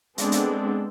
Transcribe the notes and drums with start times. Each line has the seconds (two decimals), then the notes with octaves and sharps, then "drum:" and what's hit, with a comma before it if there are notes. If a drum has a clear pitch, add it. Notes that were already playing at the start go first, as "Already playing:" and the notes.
0.18 G#3 B3 C4 D4 A4, drum: hi-hat
0.32 drum: hi-hat